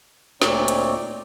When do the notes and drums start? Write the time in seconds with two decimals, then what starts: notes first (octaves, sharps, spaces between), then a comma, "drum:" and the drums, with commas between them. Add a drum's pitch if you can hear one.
0.42 D2 A#2 C4 D#4 C#5 D5, drum: snare
0.68 drum: hi-hat